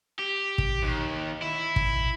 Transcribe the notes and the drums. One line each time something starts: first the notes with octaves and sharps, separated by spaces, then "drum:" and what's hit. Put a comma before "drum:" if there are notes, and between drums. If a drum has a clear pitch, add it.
G4
drum: kick
D#2
E4
drum: kick